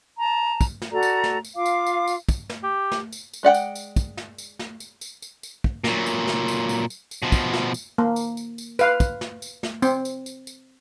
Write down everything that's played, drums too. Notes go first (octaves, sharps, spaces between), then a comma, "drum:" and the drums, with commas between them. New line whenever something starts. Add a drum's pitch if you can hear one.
A5 A#5
drum: kick, tambourine
drum: snare
F#4 A4 D5 A#5
drum: tambourine
drum: snare
drum: tambourine
F4 F5 D6
drum: tambourine
drum: tambourine
drum: tambourine
drum: kick, tambourine
drum: snare
G4
drum: snare
drum: tambourine
drum: tambourine
G#3 D5 F#5 G5
drum: tambourine
drum: tambourine
drum: kick, tambourine
drum: snare
drum: tambourine
drum: snare
drum: tambourine
drum: tambourine
drum: tambourine
drum: tambourine
drum: kick
A#2 F#3, drum: snare
drum: tambourine
drum: snare
drum: tambourine
drum: tambourine
drum: tambourine
drum: tambourine
B2 F3
drum: kick, tambourine
drum: snare
drum: tambourine
A#3
drum: tambourine
drum: tambourine
drum: tambourine
B4 F5, drum: tambourine
drum: kick, tambourine
drum: snare
drum: tambourine
drum: snare
C4, drum: tambourine
drum: tambourine
drum: tambourine
drum: tambourine